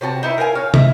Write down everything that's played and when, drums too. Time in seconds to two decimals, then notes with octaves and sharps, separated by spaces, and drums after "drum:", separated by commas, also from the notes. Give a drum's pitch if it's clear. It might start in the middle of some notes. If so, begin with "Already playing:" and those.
0.01 C3 F#4 B4 A5
0.23 D#4 E4 B4
0.38 A#4 F5 G5 G#5
0.55 C#5 F5
0.74 E4 D#5, drum: tom